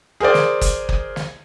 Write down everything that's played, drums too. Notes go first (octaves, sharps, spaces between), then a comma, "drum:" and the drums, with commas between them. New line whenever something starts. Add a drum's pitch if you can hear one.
G#4 A#4 C5 D5
drum: snare
drum: kick F#1, hi-hat
drum: kick F#1
drum: snare